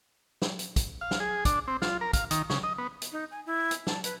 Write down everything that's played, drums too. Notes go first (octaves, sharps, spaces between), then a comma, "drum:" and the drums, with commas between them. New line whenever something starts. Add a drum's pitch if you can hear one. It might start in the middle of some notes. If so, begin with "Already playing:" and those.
drum: snare
drum: hi-hat
drum: kick, hi-hat
F5
drum: snare
G#4
D4, drum: kick, hi-hat
C4
F4, drum: snare
A#4
F5, drum: kick, hi-hat
D#3, drum: hi-hat
C#3, drum: snare
D#5
B3
drum: hi-hat
D#4
G#5
E4
drum: hi-hat
A5, drum: snare
B4, drum: hi-hat